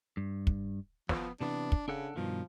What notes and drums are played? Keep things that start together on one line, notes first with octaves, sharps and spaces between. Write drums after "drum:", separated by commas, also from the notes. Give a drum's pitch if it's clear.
G2
drum: kick
F3 B3, drum: snare
C3 E3 B3 D4
drum: kick
C#3 D4 A4 F#5
G2 B2 D#3 F3